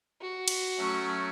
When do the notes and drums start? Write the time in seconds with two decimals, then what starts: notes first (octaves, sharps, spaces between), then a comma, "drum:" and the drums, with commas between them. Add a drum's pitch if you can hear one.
0.21 F#4
0.48 drum: cymbal
0.78 F#3 A3 C#4